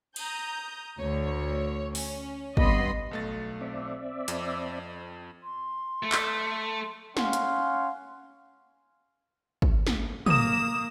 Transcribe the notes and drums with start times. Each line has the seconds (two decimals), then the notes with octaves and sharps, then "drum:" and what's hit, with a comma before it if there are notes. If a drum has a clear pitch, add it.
0.16 A#5 D#6 G6, drum: cymbal
0.98 D2 C#5
1.95 C#4, drum: open hi-hat
2.57 G2 B3 D#5 B5 C6, drum: kick
3.11 B1 A3 A6
3.61 C4 D5 E5
4.28 F2, drum: hi-hat
5.43 C6
6.03 A3
6.12 drum: clap
7.17 C#4 F5 F#5 C6, drum: snare
7.33 drum: hi-hat
9.62 drum: kick
9.87 drum: snare
10.26 A#3 D#6 E7, drum: tom